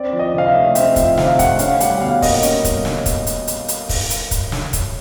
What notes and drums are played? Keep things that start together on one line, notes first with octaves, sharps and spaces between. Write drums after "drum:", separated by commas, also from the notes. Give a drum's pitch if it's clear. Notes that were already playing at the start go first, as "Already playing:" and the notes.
Already playing: C4 D5
F3
D#5
C3 F5
E5
A3
D#5
C4 E5, drum: hi-hat
F3 E5, drum: kick, hi-hat
C3 F5, drum: snare
A3 F#5, drum: kick, hi-hat
C#4 F5, drum: hi-hat
G3 F#5, drum: hi-hat
F#5
B2 F5
A#3 D#5, drum: kick, open hi-hat
C#4, drum: hi-hat
G3, drum: kick, hi-hat
drum: snare
drum: kick, hi-hat
drum: hi-hat
drum: hi-hat
drum: hi-hat
drum: kick, open hi-hat
drum: hi-hat
drum: kick, hi-hat
drum: snare
drum: kick, hi-hat